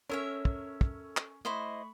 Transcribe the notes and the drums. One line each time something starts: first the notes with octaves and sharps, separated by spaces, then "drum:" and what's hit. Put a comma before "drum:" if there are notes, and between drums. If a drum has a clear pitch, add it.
C#4 A4 A#4 C#5 E5 E6 F6
drum: kick
drum: kick
drum: clap
A3 E4 C5 D#5 B5 C#6